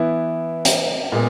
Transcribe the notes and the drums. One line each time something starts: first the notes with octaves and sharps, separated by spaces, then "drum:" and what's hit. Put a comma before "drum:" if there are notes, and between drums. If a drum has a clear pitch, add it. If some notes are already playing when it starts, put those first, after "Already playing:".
Already playing: E3 B3 E4
drum: hi-hat
A#2 G#3 B3